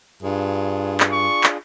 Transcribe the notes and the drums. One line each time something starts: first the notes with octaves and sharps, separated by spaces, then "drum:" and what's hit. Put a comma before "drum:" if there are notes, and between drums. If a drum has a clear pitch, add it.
G2 D4 F4 G#4
drum: clap
C#6
drum: clap